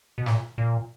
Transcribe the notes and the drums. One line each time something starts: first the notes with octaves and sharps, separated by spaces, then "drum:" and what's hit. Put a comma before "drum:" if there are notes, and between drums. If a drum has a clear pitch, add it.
B2
A#2, drum: snare
A#2